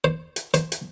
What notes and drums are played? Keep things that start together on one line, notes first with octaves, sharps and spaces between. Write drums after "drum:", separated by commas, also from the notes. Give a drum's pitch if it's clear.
C5
drum: hi-hat
C5, drum: hi-hat
drum: hi-hat